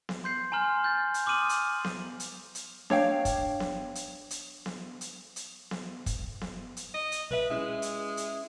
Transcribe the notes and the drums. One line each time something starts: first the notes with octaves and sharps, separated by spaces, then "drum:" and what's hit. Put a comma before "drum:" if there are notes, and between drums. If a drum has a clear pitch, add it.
drum: snare B3
C6 G6 C7
G#5 A#5 C6 F6
G6 A6
drum: hi-hat
C6 D6 D#6 F6 D#7 F#7
drum: hi-hat
drum: snare B3
drum: hi-hat
drum: hi-hat
D4 C#5 F5 G5, drum: snare B3
drum: kick, hi-hat
drum: snare B3
drum: hi-hat
drum: hi-hat
drum: snare B3
drum: hi-hat
drum: hi-hat
drum: snare B3
drum: kick, hi-hat
drum: snare B3
drum: hi-hat
D#5
drum: hi-hat
B1 B4 E5
G#3 C#4 E4 E5
drum: hi-hat
drum: hi-hat